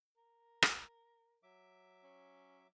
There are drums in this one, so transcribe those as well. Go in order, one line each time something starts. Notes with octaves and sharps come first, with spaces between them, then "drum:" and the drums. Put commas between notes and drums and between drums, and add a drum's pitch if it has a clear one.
A#4
drum: rim click
F#3 E5 D6
C#4